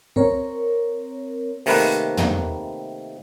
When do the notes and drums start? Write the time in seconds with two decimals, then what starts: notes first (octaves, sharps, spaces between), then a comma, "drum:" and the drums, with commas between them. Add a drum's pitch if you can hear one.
0.16 C4 A#4 C#5, drum: kick
1.66 C3 D#3 A3 A#3 B4, drum: open hi-hat
2.17 drum: tom